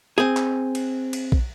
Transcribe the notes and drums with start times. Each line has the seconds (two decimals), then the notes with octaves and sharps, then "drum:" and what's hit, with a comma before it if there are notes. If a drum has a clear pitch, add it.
0.18 C4 G#4
0.37 drum: clap
0.75 drum: cymbal
1.13 drum: cymbal
1.32 drum: kick